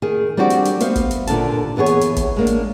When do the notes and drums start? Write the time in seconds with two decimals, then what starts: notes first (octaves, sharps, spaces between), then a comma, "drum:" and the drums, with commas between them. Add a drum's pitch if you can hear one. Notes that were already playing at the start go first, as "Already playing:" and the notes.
0.02 D#3 G#4
0.37 G3 C4 D4 F#4 B4 D5
0.50 drum: hi-hat
0.65 drum: hi-hat
0.80 B3 C5 E5 F5, drum: hi-hat
0.96 drum: kick G1, hi-hat
1.11 drum: hi-hat
1.27 D#2 A#2 D3 D#3 A5, drum: hi-hat
1.76 D#2 E3 B3 G#4 C#5
1.86 drum: hi-hat
2.01 drum: hi-hat
2.16 drum: kick G1, hi-hat
2.36 G#3 A#3 D4
2.47 drum: hi-hat